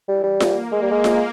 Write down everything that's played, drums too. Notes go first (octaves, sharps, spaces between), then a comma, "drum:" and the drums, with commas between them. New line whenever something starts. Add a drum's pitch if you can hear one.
E3 G3
G3
A#3, drum: snare F4
G#3
G3
G#3
drum: snare F4